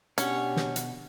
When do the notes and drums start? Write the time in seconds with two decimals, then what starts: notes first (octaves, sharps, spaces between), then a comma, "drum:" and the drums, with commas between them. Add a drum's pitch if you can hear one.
0.18 B2 C#4 D4 G4 F#5, drum: hi-hat
0.56 drum: snare
0.76 drum: hi-hat